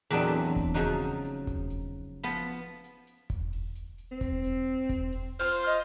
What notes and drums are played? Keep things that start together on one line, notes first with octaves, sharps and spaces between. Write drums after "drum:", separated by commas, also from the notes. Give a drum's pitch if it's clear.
E2 A#2 F#3 C4 D4 D#5, drum: hi-hat
A3
drum: kick E1, hi-hat
C#3 F3 F#3 D#4 F#4
drum: hi-hat
drum: hi-hat
drum: kick E1, hi-hat
drum: hi-hat
F3 B3 C6
drum: open hi-hat
drum: hi-hat
drum: hi-hat
drum: kick E1, hi-hat
drum: open hi-hat
drum: hi-hat
drum: hi-hat
C4
drum: kick E1, hi-hat
drum: hi-hat
drum: kick E1, hi-hat
drum: open hi-hat
F4 C5 F6
D#5